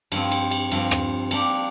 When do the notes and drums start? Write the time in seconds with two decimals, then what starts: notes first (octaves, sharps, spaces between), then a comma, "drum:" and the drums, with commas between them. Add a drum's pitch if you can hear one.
0.12 G2 F3 C4, drum: cymbal
0.32 drum: cymbal
0.51 drum: cymbal
0.72 G2 F3 C4, drum: cymbal
0.91 drum: rim click
1.31 F3 A#3 D4 G4, drum: cymbal